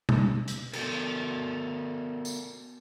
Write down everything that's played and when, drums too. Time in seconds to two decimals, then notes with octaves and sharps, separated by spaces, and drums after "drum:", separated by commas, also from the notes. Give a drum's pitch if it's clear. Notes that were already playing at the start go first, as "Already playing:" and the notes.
0.09 drum: tom B2
0.48 drum: hi-hat
0.73 B3 F#4 A4 A#4, drum: cymbal
2.25 drum: tambourine